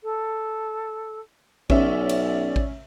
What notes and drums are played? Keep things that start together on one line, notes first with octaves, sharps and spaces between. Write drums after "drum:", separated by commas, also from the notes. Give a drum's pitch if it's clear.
A4
B1 C#4 D5 E5, drum: kick A1
drum: cymbal
drum: kick A1